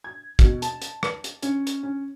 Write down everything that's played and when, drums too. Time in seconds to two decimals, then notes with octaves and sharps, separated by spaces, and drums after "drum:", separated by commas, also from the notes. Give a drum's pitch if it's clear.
0.04 G#6
0.39 B2, drum: kick, hi-hat
0.62 A5, drum: hi-hat
0.82 drum: hi-hat
1.03 drum: rim click
1.24 drum: hi-hat
1.42 C#4, drum: hi-hat
1.67 drum: hi-hat
1.83 C#4